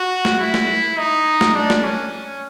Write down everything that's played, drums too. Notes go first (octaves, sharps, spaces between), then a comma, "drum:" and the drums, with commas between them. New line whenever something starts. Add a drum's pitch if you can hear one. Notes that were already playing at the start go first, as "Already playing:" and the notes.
Already playing: F#4
drum: snare
E4
drum: snare
D#4
drum: snare
D4
drum: snare
C#4